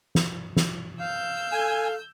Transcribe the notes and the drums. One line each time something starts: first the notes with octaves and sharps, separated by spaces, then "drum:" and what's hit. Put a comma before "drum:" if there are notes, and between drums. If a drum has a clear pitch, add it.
drum: snare
drum: snare
F5 E6 G6
A4 G#5